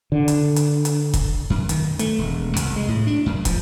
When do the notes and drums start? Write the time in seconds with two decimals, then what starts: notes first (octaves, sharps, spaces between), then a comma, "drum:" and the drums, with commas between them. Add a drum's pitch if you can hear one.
0.12 D3
0.28 drum: hi-hat
0.56 drum: hi-hat
0.85 drum: hi-hat
1.14 drum: kick, hi-hat
1.50 F#2
1.69 D#3, drum: hi-hat
1.99 A3, drum: hi-hat
2.18 E1
2.56 C2, drum: hi-hat
2.76 G#3
2.88 A2
3.07 D4
3.26 F#2
3.45 F3, drum: kick, hi-hat